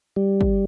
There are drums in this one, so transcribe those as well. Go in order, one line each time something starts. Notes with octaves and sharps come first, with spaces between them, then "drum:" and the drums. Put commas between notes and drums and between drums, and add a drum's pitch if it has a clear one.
G3
drum: kick